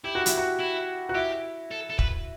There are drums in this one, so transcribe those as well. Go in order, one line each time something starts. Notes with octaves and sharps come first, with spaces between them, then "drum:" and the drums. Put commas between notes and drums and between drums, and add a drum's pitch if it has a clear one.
E4 G4
F#4
E4, drum: hi-hat
F#4
E4
F#4
E4 G4
A4
A4
B4, drum: kick